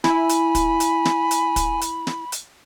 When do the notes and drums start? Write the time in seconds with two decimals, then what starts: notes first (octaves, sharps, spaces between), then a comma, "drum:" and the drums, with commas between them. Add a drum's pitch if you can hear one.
0.04 E4 G#5 B5, drum: snare
0.29 drum: hi-hat
0.55 drum: kick, hi-hat
0.80 drum: hi-hat
1.05 drum: snare
1.31 drum: hi-hat
1.56 drum: kick, hi-hat
1.81 drum: hi-hat
2.07 drum: snare
2.32 drum: hi-hat